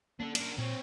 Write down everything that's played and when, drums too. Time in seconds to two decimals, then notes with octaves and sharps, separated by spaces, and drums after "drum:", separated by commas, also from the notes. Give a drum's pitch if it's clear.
0.20 A#3 C#4 D4 A4
0.35 D4 A#4, drum: cymbal
0.58 A#2 C4 C#5